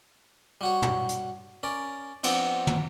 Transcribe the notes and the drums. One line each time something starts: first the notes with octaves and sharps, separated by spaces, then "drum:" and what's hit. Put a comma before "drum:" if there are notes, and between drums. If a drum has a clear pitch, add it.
G3 F#4 C#5
drum: tom
drum: hi-hat
C#4 A#4 D5
F3 B3 C4 D4, drum: cymbal
drum: tom